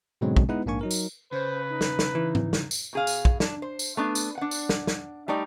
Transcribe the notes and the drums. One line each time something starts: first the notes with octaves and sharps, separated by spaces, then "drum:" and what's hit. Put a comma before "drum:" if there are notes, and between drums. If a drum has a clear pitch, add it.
G#2 B2 D3 F#3 G#3 C4
drum: kick
G#3 B3 D#4 E4 B4
A#1 G#2 A#3 D4 G#5 C#6
F#3 D#4 A#4
drum: tambourine
C#3 B4 C5
D#4
drum: snare
drum: snare
E3
drum: tom G#2
drum: snare
drum: tambourine
B2 G#4 F5
drum: tambourine
drum: kick
D4, drum: snare
C5
drum: tambourine
A3 B3 D4
drum: tambourine
D4 F#5
drum: tambourine
drum: snare
drum: snare
G3 A3 D#4 D5